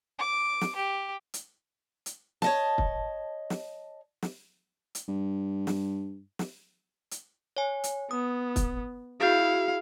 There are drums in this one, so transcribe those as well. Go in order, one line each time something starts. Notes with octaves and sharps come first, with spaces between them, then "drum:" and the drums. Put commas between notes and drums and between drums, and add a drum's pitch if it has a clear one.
D6
drum: snare
G4
drum: hi-hat
drum: hi-hat
C#5 D#5 A5, drum: snare
drum: kick
drum: snare
drum: snare
drum: hi-hat
G2
drum: snare
drum: snare
drum: hi-hat
C#5 G#5
drum: hi-hat
B3 D#6
drum: kick, hi-hat
E4 F#4 G#4 F5